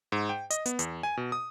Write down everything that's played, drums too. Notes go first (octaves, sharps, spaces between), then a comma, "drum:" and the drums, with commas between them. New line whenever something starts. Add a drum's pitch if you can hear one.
G#2
G5
D#5, drum: hi-hat
B3, drum: hi-hat
E2, drum: hi-hat
G#5
B2
D#6